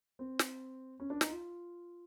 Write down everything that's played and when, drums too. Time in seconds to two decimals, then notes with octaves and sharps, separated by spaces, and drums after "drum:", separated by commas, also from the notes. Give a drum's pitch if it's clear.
0.19 C4
0.39 drum: snare
1.00 C#4
1.10 D4
1.21 D#4, drum: snare
1.30 F4